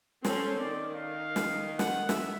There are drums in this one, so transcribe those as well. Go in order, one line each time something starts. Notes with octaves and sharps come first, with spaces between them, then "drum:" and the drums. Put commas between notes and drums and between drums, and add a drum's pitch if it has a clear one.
C4 C#4 A4 C5, drum: snare
D#3 D5
F5
drum: snare
F#5, drum: snare
E5, drum: snare